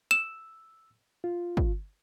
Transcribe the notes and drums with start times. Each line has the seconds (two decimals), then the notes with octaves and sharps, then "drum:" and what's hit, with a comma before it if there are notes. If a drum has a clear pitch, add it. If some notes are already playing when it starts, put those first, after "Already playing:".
0.11 E6 E7
1.24 F4
1.57 drum: kick